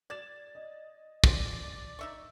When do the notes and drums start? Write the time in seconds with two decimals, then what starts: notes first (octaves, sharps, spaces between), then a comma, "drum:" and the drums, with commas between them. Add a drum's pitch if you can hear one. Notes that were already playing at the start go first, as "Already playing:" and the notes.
0.10 D5 G#6 A6 E7
0.55 D#5
1.24 F3 G#4 C5 D5, drum: kick
1.99 D#4 E5 C#6